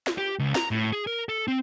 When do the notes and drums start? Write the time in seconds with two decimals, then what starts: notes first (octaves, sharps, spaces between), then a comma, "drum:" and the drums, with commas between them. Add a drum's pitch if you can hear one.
0.07 drum: snare
0.18 G4
0.39 C#2
0.55 A#5, drum: snare
0.71 A2
0.93 G#4
1.07 A#4
1.29 A4
1.48 C4